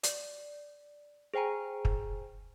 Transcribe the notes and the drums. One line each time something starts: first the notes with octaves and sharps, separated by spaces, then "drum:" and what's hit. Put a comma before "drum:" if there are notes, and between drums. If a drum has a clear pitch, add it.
D5, drum: hi-hat
G#4 C5 G5 G#5 A#5
drum: kick